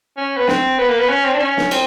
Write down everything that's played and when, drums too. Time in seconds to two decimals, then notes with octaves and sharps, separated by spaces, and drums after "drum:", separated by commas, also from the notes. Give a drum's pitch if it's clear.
0.17 C#4
0.37 B3
0.48 C4, drum: snare
0.79 B3
0.89 A#3
0.98 B3
1.09 C#4
1.25 C4
1.33 D4
1.40 C#4
1.57 drum: snare
1.71 C4, drum: cymbal